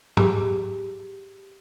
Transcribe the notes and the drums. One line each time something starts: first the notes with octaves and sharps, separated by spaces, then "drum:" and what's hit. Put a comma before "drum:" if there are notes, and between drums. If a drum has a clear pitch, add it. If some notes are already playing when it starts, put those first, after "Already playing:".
G4 G#4, drum: tom